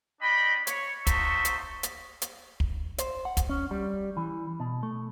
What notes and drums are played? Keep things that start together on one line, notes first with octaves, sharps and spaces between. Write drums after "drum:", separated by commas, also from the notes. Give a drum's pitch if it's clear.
D4 D#5 G5 B5
C#5, drum: hi-hat
D#4 F#4 C5 E5 A5 C#6, drum: kick, hi-hat
drum: hi-hat
drum: hi-hat
drum: hi-hat
drum: kick
C5, drum: hi-hat
F#5
drum: kick, hi-hat
C#4
G3
E3
B2
A3